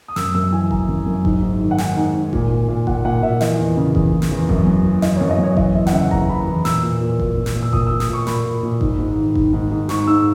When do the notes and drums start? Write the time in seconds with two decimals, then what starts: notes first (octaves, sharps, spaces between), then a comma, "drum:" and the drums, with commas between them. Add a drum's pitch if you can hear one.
0.08 D#6
0.16 F#2 E6, drum: snare
0.35 F#2 E6
0.52 E3 G#5
0.71 E3 A#5, drum: kick G1
0.89 F#2
1.07 F#2
1.25 G#2, drum: kick G1
1.42 G#2
1.60 D#3
1.71 F#5
1.78 D#3 G#5, drum: snare
1.97 G#2
2.15 G#2
2.33 A#2, drum: kick G1
2.51 A#2
2.68 A#2
2.87 A#2 F#5, drum: kick G1
3.05 A#2 F#5
3.22 A#2 E5
3.41 E3 D#5, drum: snare
3.59 E2
3.77 C#3
3.95 E2, drum: kick G1
4.13 E3
4.22 drum: snare
4.31 E2
4.49 F#2, drum: kick G1
4.67 F#2
4.85 E3
5.02 E3 D#5, drum: snare
5.16 F#2 C#5
5.30 D#5
5.39 F#2 C#5
5.57 E3 D#5, drum: kick G1
5.74 E2 E5
5.87 F#5, drum: snare
5.93 C#3 E5
6.11 E2 A#5, drum: kick G1
6.29 E3 B5
6.47 E2
6.65 A#2 E6, drum: snare
6.83 A#2
7.01 A#2
7.20 A#2, drum: kick G1
7.37 A#2
7.46 drum: snare
7.55 A#2
7.63 E6
7.73 A#2 D#6, drum: kick G1
7.87 A#2 E6
8.00 D#6, drum: snare
8.09 A#2 C#6
8.27 A#2 B5, drum: snare
8.45 A#2
8.63 A#2
8.81 G#2, drum: kick G1
8.99 G#2
9.17 D#3
9.35 D#3, drum: kick G1
9.53 G#2
9.71 G#2
9.89 G#2 C#6, drum: snare
10.07 G#2 E6